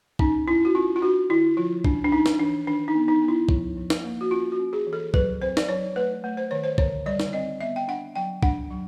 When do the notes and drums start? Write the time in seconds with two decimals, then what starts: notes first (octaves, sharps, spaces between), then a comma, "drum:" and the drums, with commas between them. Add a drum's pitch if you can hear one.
0.19 C#4 D#4, drum: kick
0.47 C#4 E4
0.65 F#4
0.75 C#4 F4
0.96 F4
1.02 D4 F#4
1.29 D3 E4
1.57 F3 F4
1.85 C#4 D4, drum: kick
2.04 D4
2.12 C#4 D#4
2.26 drum: snare
2.39 E3 D4
2.67 D#3 D4
2.88 D#4
2.95 B3
3.08 D#4
3.22 B3
3.28 E4
3.49 F3, drum: kick
3.77 F3
3.90 drum: snare
4.04 A#3
4.21 F#4
4.31 C#4 F4
4.52 F#4
4.59 C#4
4.73 G#4
4.87 E3
4.93 A4
5.14 F#3 B4, drum: kick
5.42 C4 C5
5.57 D5, drum: snare
5.69 F#3 C#5
5.96 A3 B4
6.24 A3
6.37 C5
6.51 D#3 C#5
6.64 C5
6.78 D3 C#5, drum: kick
7.06 G3 D5
7.20 drum: snare
7.33 C4 D#5
7.61 B3 E5
7.76 G5
7.88 D4 F#5
8.16 F#3 G5
8.43 D4 F#5, drum: kick
8.70 F#3